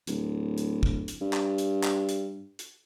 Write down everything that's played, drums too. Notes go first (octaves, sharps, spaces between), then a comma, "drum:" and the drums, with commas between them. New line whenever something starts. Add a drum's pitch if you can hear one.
D1, drum: hi-hat
drum: hi-hat
drum: kick
drum: hi-hat
G2
drum: clap
drum: hi-hat
drum: clap
drum: hi-hat
drum: hi-hat